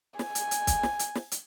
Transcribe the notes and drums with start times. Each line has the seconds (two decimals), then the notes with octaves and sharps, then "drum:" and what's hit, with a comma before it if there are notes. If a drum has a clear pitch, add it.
0.19 G#5, drum: snare
0.35 drum: hi-hat
0.51 drum: hi-hat
0.67 drum: kick, hi-hat
0.83 drum: snare
0.99 drum: hi-hat
1.15 drum: snare
1.32 drum: hi-hat